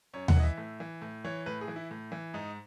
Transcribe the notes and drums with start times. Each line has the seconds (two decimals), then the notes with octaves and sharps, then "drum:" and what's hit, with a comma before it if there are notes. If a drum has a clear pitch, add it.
0.13 F#2 C#5
0.28 F#5, drum: tom D#2
0.36 E3 D#5
0.43 E5
0.58 A2
0.80 E3
1.02 A2
1.24 E3 C#5
1.46 A2 B4
1.61 G#4
1.68 E3
1.76 E4
1.91 A2
2.12 E3
2.34 G#2 D#4